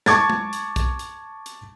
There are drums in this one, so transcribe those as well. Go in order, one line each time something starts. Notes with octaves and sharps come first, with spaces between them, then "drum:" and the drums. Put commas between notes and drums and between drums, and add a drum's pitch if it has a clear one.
A5 C#6 D6 G#6 A6, drum: snare
drum: tom G#3
drum: hi-hat
drum: kick, hi-hat
drum: hi-hat
drum: hi-hat